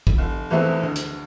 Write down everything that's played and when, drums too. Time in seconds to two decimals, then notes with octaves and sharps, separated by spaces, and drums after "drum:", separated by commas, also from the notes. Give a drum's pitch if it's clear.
0.07 drum: kick
0.18 F1
0.50 E2 E3 A3 C4
0.83 D2
0.96 drum: hi-hat